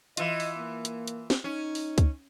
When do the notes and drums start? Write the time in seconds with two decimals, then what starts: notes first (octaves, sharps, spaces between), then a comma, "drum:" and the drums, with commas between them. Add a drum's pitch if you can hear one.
0.17 E3 F4 D#5, drum: hi-hat
0.40 drum: open hi-hat
0.57 A#3
0.85 drum: hi-hat
1.07 drum: hi-hat
1.30 drum: snare
1.44 C#4 D#4
1.75 drum: open hi-hat
1.98 drum: kick C#2, hi-hat